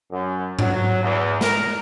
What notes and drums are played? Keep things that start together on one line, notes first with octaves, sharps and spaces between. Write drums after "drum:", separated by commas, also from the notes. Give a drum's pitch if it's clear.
F#2
F#3, drum: tom G#2
E2
A#4, drum: snare